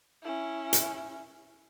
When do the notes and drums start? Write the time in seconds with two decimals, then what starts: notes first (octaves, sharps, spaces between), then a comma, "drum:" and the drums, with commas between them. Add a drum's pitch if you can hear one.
0.23 C#4 E4
0.73 drum: hi-hat